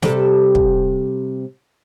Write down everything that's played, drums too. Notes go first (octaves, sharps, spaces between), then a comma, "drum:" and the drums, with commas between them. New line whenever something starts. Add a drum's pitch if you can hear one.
C3 G3 A4, drum: snare
drum: kick